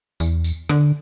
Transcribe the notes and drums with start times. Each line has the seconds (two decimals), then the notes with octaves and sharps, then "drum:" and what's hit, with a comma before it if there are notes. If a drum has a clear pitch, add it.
0.20 E2, drum: tambourine
0.44 drum: tambourine
0.69 D3, drum: rim click